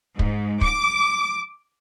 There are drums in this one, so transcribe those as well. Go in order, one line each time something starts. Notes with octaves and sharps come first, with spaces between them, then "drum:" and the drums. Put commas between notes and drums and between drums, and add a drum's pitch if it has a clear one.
G#2, drum: kick
D6, drum: kick